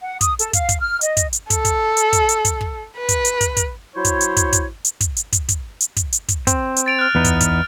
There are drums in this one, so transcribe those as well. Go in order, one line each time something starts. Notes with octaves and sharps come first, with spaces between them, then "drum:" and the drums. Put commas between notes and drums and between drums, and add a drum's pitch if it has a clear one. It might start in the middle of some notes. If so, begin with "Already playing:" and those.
F#5
D#6, drum: kick, hi-hat
A4, drum: hi-hat
F5, drum: kick, hi-hat
drum: kick, hi-hat
F6
D#5, drum: hi-hat
drum: kick, hi-hat
drum: hi-hat
A4, drum: kick, hi-hat
drum: kick, hi-hat
drum: hi-hat
drum: kick, hi-hat
drum: hi-hat
drum: kick, hi-hat
drum: kick
B4
drum: kick, hi-hat
drum: hi-hat
drum: kick, hi-hat
drum: kick, hi-hat
F#3 E4 C5 C#5
drum: kick, hi-hat
drum: hi-hat
drum: kick, hi-hat
drum: kick, hi-hat
drum: hi-hat
drum: kick, hi-hat
drum: hi-hat
drum: kick, hi-hat
drum: kick, hi-hat
drum: hi-hat
drum: kick, hi-hat
drum: hi-hat
drum: kick, hi-hat
C4, drum: kick, hi-hat
drum: hi-hat
A6 D7 F7
F6 F#6
E2 B3 D#4
drum: kick, hi-hat
drum: kick, hi-hat